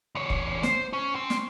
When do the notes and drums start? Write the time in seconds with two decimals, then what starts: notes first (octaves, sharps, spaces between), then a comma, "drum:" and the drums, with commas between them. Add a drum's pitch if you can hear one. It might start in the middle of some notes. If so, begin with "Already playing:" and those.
0.15 E2 C#5
0.30 drum: kick
0.63 C5, drum: snare
0.93 C#4
1.15 C4
1.30 drum: snare